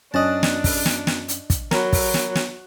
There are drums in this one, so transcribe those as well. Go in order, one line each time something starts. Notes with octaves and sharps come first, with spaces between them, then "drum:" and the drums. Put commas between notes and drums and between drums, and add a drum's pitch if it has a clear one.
F#2 C#4 D4 D#5 A5 F#6
drum: snare
drum: kick, open hi-hat
drum: snare
drum: snare
drum: hi-hat
drum: kick, hi-hat
F#3 A#4 B5, drum: snare
drum: kick, open hi-hat
drum: snare
drum: snare